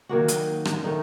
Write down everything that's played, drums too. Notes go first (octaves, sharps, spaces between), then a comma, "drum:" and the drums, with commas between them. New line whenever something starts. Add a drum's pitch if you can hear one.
D#3 F#3 A#3 F#4
drum: hi-hat
drum: rim click
D#3 A3 D#4